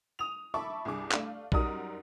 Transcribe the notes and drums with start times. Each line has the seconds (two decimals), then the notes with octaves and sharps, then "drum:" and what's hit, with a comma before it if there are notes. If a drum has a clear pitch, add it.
0.19 D#6 F7
0.54 E5 A5 B5 C#6 D6
0.85 C2 G2 G#4 D6
1.12 A3 D4 F5, drum: clap
1.52 F#2 G3 D#4 F#4 A#4 D#6, drum: kick A#1